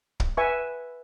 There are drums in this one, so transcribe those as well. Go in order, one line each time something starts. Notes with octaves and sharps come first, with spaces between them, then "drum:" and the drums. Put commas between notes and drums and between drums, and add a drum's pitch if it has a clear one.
drum: kick
B4 E5 G#5 C#6